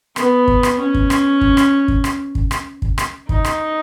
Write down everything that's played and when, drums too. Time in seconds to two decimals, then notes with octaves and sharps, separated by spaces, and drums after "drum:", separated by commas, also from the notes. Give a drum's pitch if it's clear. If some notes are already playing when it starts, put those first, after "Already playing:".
0.16 B3, drum: rim click
0.48 drum: kick
0.63 drum: rim click
0.79 C#4
0.94 drum: kick
1.10 drum: rim click
1.41 drum: kick
1.57 drum: rim click
1.88 drum: kick
2.04 drum: rim click
2.35 drum: kick
2.51 drum: rim click
2.82 drum: kick
2.98 drum: rim click
3.29 D#4, drum: kick
3.45 drum: rim click